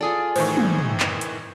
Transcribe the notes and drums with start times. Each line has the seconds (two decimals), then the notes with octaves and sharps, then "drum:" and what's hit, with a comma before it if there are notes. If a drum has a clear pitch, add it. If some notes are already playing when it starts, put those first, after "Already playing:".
0.01 F4 G#4 A4 D5 D#6
0.36 A2 D#3 E3 C5 C#6, drum: open hi-hat
0.57 drum: tom
0.78 drum: tom
1.00 drum: clap
1.21 drum: hi-hat